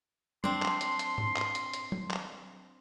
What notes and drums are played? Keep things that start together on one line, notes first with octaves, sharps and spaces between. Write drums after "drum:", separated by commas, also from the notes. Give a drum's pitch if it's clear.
C4 D4 C6, drum: tom F#3
drum: clap
drum: hi-hat
drum: hi-hat
drum: tom G#2
drum: clap
drum: hi-hat
drum: hi-hat
drum: tom F#3
drum: clap